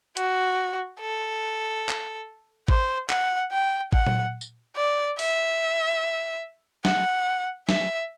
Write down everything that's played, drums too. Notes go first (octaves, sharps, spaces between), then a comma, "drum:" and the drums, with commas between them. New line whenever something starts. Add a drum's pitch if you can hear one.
F#4, drum: hi-hat
A4
drum: clap
C5, drum: kick G#1
F#5, drum: clap
G5
F#5, drum: kick G#1
drum: tom A#2
drum: tambourine
D5
E5, drum: open hi-hat
F#5, drum: snare
E5, drum: snare